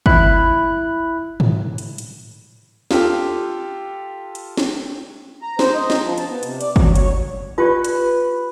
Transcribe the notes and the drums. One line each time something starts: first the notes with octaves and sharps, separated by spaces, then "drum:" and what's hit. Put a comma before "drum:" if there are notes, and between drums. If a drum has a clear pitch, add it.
E4 B5 F#6, drum: kick
drum: tom G#2
drum: hi-hat
drum: hi-hat
F4 G4 A4, drum: snare
drum: hi-hat
drum: snare
A#5
C5, drum: snare
D#5
A#5, drum: snare
F3
A5, drum: hi-hat
B3
C3, drum: hi-hat
D5, drum: hi-hat
F#3, drum: kick
C#5, drum: hi-hat
F4 G4 B4 D5
drum: hi-hat